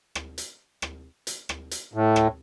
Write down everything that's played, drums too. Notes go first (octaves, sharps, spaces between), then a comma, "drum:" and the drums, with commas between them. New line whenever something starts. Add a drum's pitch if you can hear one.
drum: rim click
drum: hi-hat
drum: rim click
drum: hi-hat
drum: rim click
drum: hi-hat
A2
drum: rim click